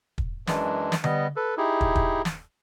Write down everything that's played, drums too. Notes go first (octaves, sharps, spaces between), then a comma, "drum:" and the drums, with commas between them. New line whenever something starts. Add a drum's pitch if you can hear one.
drum: kick
F#2 E3 G#3 D4, drum: snare
drum: snare
G3 B3 D#5, drum: tom D3
A4 B4
D#4 E4 G4 G#4
drum: kick
drum: kick
drum: snare